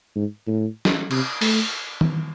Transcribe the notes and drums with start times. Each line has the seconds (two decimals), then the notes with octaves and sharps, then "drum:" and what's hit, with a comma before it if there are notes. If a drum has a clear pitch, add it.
0.16 G#2
0.47 A2
0.85 drum: snare
1.11 C3, drum: cymbal
1.41 A3, drum: open hi-hat
2.01 drum: tom D#3